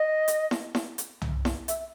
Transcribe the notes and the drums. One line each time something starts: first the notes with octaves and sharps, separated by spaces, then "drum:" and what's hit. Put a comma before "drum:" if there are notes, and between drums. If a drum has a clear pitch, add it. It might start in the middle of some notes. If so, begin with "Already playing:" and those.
Already playing: D#5
drum: hi-hat
drum: snare E4
drum: snare E4
drum: hi-hat
drum: tom
drum: snare E4
E5, drum: hi-hat